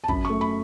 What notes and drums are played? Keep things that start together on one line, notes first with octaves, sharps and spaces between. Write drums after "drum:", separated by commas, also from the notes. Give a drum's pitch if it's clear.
A5
F#2 B5, drum: kick
A3 C#6
B5